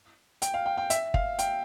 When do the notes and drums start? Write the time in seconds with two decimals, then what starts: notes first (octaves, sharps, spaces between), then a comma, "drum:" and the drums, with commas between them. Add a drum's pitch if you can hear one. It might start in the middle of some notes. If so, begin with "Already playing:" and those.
0.42 G5, drum: hi-hat
0.54 F5
0.66 G5
0.77 G5
0.90 E5, drum: hi-hat
1.14 F5, drum: kick
1.39 G5, drum: hi-hat